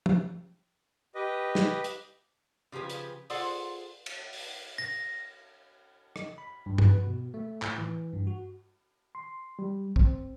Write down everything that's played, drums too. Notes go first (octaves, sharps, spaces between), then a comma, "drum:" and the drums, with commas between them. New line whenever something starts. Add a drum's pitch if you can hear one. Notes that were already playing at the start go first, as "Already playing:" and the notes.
drum: tom
G4 B4 D#5
drum: snare
drum: hi-hat
C#3 F3 G4 G#4 B4
drum: hi-hat
F4 G#4 A4 C5 D5 F#5, drum: open hi-hat
drum: cymbal
drum: open hi-hat
A#6
D#5, drum: rim click
B5
G2
B4, drum: tom G2
F#4
B2
A3
A2, drum: clap
E3
G2
F#4
C6
G3
C4, drum: kick